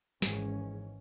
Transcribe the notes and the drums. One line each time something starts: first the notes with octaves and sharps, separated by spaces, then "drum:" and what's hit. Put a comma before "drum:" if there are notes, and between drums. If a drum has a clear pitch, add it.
G#1 G#2 E3 G#3 C#4, drum: snare